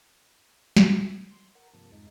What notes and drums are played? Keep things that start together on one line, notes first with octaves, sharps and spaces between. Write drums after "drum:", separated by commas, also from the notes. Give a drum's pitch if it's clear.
drum: snare
C6
A#4 F#5
G2 C3 F3 A#3 A5
F2 G#2 G#3 D#4